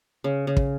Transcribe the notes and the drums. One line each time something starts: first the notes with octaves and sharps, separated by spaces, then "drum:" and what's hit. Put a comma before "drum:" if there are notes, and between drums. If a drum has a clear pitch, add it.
C#3
C#3
drum: kick